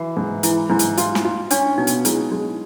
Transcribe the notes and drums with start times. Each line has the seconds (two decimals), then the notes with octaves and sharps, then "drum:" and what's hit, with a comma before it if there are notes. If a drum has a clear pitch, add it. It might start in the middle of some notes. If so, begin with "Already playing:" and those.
Already playing: E3 F#4
0.17 G#2
0.43 E3 E4, drum: hi-hat
0.70 G#2 E4
0.79 drum: hi-hat
0.98 F4, drum: hi-hat
1.15 drum: snare
1.25 F4
1.51 C#4 D4, drum: hi-hat
1.78 B2 D#4
1.87 drum: hi-hat
2.05 G#3 E4, drum: hi-hat
2.32 G#3